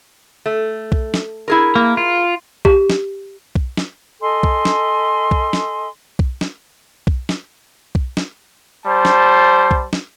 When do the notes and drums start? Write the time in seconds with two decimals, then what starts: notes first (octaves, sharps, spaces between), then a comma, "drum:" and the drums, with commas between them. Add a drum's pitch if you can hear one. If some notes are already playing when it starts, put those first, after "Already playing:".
0.46 A3
0.92 drum: kick B1
1.14 drum: snare
1.48 E4 G#4 A#4
1.76 A#3
1.97 F4
2.65 G4, drum: kick B1
2.90 drum: snare
3.55 drum: kick B1
3.77 drum: snare
4.21 A4 D#5 G#5 C6
4.43 drum: kick B1
4.65 drum: snare
5.31 drum: kick B1
5.53 drum: snare
6.19 drum: kick B1
6.41 drum: snare
7.07 drum: kick B1
7.29 drum: snare
7.95 drum: kick B1
8.17 drum: snare
8.86 G3 C5 A5
9.05 drum: snare
9.71 drum: kick B1
9.93 drum: snare